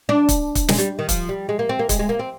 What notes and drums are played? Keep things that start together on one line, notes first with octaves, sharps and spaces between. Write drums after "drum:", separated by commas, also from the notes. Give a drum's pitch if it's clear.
D4
drum: kick, hi-hat
drum: kick, hi-hat
G#3, drum: snare
G3
D#3
F3, drum: kick, hi-hat
G3
G#3
A#3
C4
A#3
G#3, drum: kick, hi-hat
G#3
A#3
C4